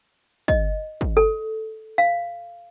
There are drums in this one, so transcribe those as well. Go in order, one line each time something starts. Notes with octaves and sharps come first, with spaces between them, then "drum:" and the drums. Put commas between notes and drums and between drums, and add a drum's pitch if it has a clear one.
D#5, drum: kick
drum: kick
A4
F5